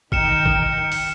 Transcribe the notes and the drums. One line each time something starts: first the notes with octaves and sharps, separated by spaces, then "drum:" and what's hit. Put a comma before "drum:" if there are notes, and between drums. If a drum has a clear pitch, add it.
D#3 D#4 G5 F6 C#7 E7, drum: kick
drum: kick
drum: open hi-hat